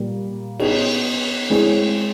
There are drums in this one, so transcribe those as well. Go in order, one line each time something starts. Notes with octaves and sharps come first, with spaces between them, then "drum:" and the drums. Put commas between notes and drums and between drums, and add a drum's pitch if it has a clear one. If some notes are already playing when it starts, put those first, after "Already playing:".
Already playing: A#2 G3 A#3
B3 D#4 G#4 C#5, drum: cymbal
G#3 C4 E4 G#4 C#5